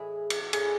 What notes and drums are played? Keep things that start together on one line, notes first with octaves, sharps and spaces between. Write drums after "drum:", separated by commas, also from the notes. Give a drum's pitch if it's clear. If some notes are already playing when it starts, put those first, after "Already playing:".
Already playing: A2 E3 G#3 E4 G#4
drum: cymbal
F#4
A2 G#3 E4 G#4, drum: cymbal